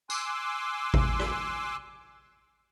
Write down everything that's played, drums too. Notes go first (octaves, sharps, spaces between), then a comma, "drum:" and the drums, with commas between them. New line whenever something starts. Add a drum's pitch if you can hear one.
G#5 C6 D6 E6 F#6, drum: tambourine
drum: kick G#1
drum: rim click